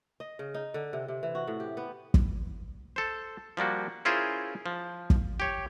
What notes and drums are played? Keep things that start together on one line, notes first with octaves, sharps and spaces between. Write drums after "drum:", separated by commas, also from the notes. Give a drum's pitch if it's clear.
D#5
C#3
D#4
D3
C3
C3
E3
F#4
A2
G4
B3
drum: kick
A4 C5
F3 G3 A#3 F#4
C#4 E4 F4 G#4 A#4 C5
F3
drum: kick
G4 C#5